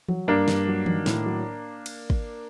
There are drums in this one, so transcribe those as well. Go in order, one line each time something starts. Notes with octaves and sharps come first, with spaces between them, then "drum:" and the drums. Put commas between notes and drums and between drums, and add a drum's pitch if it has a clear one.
F#3, drum: tom E3
G2 A#3 D4
G2, drum: snare
F#3
D#3, drum: tom E3
A2, drum: snare
F#3
drum: cymbal
drum: kick